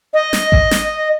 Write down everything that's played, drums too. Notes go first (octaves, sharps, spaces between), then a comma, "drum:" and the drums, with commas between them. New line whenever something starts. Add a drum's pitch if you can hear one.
D#5
drum: snare
drum: kick A1
drum: snare